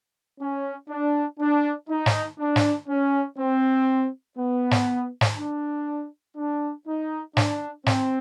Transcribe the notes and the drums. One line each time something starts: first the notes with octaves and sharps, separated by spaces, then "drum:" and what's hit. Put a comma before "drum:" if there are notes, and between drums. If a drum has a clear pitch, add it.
C#4
D4
D4
D#4
drum: snare
D4
drum: snare
C#4
C4
B3
drum: snare
drum: snare
D4
D4
D#4
D4, drum: snare
C4, drum: snare